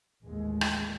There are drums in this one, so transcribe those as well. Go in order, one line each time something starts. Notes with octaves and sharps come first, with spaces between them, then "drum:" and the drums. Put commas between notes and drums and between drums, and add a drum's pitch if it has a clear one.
A1 D#2 A2 G#3
drum: rim click